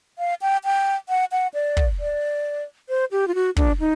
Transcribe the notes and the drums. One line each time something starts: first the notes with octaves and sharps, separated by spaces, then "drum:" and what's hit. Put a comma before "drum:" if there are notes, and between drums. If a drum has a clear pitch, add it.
F5
G5
G5
F#5
F#5
D5
drum: kick
D5
C5
G4
F4
F#4
D4, drum: kick
D#4